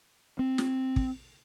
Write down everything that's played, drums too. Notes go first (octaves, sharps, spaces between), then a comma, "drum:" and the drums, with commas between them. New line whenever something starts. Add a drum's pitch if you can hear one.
C4
drum: snare
drum: kick